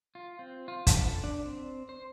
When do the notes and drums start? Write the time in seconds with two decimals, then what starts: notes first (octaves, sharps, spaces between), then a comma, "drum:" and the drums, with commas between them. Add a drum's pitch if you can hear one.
0.15 F4
0.39 C4
0.68 F4
0.87 A5, drum: kick, hi-hat
1.08 A4
1.24 D4
1.45 C4
1.89 C5